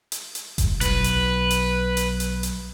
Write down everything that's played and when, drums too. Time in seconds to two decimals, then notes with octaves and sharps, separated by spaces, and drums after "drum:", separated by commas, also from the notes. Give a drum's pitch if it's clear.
0.12 drum: hi-hat
0.35 drum: hi-hat
0.58 drum: kick F#1, hi-hat
0.81 B1 B4, drum: hi-hat
1.04 drum: hi-hat
1.50 drum: hi-hat
1.97 drum: hi-hat
2.20 drum: hi-hat
2.43 drum: hi-hat